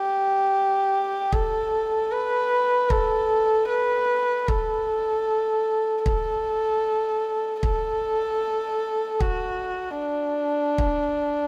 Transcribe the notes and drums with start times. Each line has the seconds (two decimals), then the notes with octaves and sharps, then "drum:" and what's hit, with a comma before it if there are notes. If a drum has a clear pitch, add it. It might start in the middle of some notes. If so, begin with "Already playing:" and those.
Already playing: G4
1.32 A4, drum: kick
2.12 B4
2.90 A4, drum: kick
3.69 B4
4.48 A4, drum: kick
6.06 A4, drum: kick
7.63 A4, drum: kick
9.20 F#4, drum: kick
9.99 D4
10.78 drum: kick